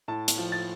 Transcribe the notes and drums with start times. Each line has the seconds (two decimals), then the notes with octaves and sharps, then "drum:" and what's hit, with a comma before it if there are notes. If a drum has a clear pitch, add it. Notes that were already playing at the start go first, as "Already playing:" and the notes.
0.08 A2 A5
0.28 drum: hi-hat
0.38 F3
0.52 A6